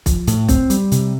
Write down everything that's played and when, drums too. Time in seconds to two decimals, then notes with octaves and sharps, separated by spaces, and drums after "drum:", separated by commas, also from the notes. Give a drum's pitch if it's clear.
0.06 F3, drum: kick B1, hi-hat
0.27 A2, drum: hi-hat
0.49 C4, drum: kick B1, hi-hat
0.70 G3, drum: hi-hat
0.92 C3, drum: hi-hat